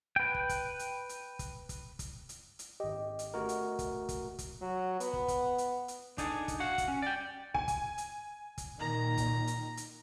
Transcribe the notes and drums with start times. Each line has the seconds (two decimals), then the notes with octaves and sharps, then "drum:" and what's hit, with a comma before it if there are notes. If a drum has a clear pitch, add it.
0.16 B4 G5
0.34 drum: kick
0.49 drum: kick, hi-hat
0.79 drum: hi-hat
1.09 drum: hi-hat
1.39 drum: kick, hi-hat
1.69 drum: kick, hi-hat
1.99 drum: kick, hi-hat
2.29 drum: hi-hat
2.59 drum: hi-hat
2.80 G#1 G4 D#5
3.19 drum: hi-hat
3.34 A3 F#4 A#4
3.49 drum: hi-hat
3.79 drum: kick, hi-hat
4.09 drum: kick, hi-hat
4.39 drum: kick, hi-hat
4.62 F#3
5.00 B3, drum: hi-hat
5.13 drum: kick
5.28 drum: kick, hi-hat
5.58 drum: hi-hat
5.88 drum: hi-hat
6.18 D4 D#4 G#4 A4, drum: kick, hi-hat
6.48 drum: kick, hi-hat
6.60 F#4 F5 F#5
6.78 drum: kick, hi-hat
6.88 C#4
7.02 D5 G5
7.54 G#5, drum: kick
7.68 drum: kick, hi-hat
7.98 drum: hi-hat
8.58 drum: kick, hi-hat
8.79 A#2 D#3 A#5
9.17 drum: kick, hi-hat
9.47 drum: hi-hat
9.77 drum: hi-hat